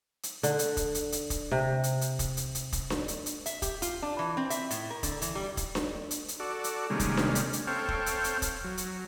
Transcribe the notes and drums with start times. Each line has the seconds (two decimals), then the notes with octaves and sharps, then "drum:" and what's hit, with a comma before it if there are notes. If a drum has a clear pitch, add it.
0.23 drum: hi-hat
0.43 D3, drum: hi-hat
0.59 drum: hi-hat
0.77 drum: kick, hi-hat
0.95 drum: hi-hat
1.12 drum: hi-hat
1.30 drum: kick, hi-hat
1.51 C3
1.84 drum: hi-hat
2.01 drum: hi-hat
2.19 drum: kick, hi-hat
2.37 drum: hi-hat
2.55 drum: hi-hat
2.72 drum: kick, hi-hat
2.90 drum: snare D4
3.08 drum: hi-hat
3.26 drum: hi-hat
3.46 E5, drum: hi-hat
3.62 G4, drum: kick, hi-hat
3.82 F4, drum: hi-hat
4.02 D4
4.19 E3
4.37 C4
4.50 E5, drum: hi-hat
4.71 A2, drum: hi-hat
4.90 A#4
5.03 D3, drum: kick, hi-hat
5.22 E3, drum: hi-hat
5.35 G3
5.57 drum: kick, hi-hat
5.75 drum: snare D4
6.11 drum: hi-hat
6.28 drum: hi-hat
6.40 F#4 A4 D5
6.64 drum: hi-hat
6.90 C3 D#3 G3 G#3 A#3 C#4
7.00 drum: kick, hi-hat
7.17 drum: snare D4
7.35 drum: hi-hat
7.53 drum: hi-hat
7.67 C4 A4 C#5 F5 G5
7.89 drum: kick
8.06 drum: hi-hat
8.24 drum: hi-hat
8.42 drum: kick, hi-hat
8.64 F#3
8.77 drum: hi-hat